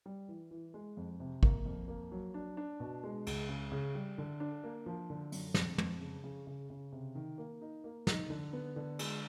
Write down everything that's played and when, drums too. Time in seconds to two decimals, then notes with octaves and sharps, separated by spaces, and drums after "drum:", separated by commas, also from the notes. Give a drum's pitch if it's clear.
0.06 G3
0.28 E3
0.51 E3
0.74 G#3
0.97 F2
1.20 C3
1.43 A#3, drum: kick
1.66 F2
1.88 A#3
2.12 F#3
2.34 D4
2.57 D4
2.80 B2
3.04 G#3
3.27 C#2, drum: cymbal
3.49 C#3
3.72 C#3
3.95 G3
4.18 D3
4.40 D4
4.64 A#3
4.86 F3
5.10 D3
5.32 F#2, drum: open hi-hat
5.54 F2, drum: snare
5.78 F2, drum: tom
6.01 C#3
6.24 C#3
6.47 C#3
6.70 C#3
6.92 C3
7.15 D#3
7.38 A#3
7.61 D#4
7.84 A#3
8.07 D#4, drum: snare
8.30 D3
8.53 B3
8.76 D3
8.99 G#3, drum: cymbal